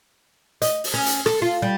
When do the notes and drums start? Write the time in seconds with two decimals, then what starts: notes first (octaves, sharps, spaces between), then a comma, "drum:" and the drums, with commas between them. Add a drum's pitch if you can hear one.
0.62 D#5, drum: hi-hat
0.84 drum: open hi-hat
0.94 C#4
1.06 drum: hi-hat
1.26 A4, drum: rim click
1.42 F4
1.62 G3